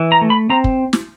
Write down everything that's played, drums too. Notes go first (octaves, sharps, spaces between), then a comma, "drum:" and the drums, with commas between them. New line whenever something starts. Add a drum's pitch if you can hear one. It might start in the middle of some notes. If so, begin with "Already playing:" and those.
Already playing: E3
A#5
A3
B5
C4 A#5
drum: kick
drum: snare